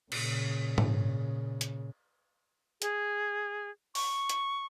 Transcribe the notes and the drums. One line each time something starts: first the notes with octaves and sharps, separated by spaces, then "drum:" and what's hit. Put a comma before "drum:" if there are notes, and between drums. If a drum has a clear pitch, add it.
A#2 C#3, drum: cymbal
drum: tom G#2
drum: hi-hat
G#4, drum: hi-hat
C#6, drum: open hi-hat
drum: hi-hat